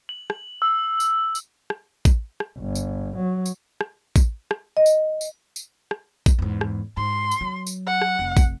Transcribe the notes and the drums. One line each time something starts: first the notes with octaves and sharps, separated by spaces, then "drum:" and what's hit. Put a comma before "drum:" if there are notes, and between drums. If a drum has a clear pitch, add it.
F#7
drum: rim click
E6
drum: tambourine
drum: tambourine
drum: rim click
drum: kick, tambourine
drum: rim click
G1
drum: tambourine
F#3
drum: tambourine
drum: rim click
drum: kick, tambourine
drum: rim click
D#5
drum: tambourine
drum: tambourine
drum: tambourine
drum: rim click
drum: kick, tambourine
E2 G#2
drum: rim click
G#2 C6
drum: tambourine
F#3
drum: tambourine
F#5
drum: rim click
F1
drum: kick, tambourine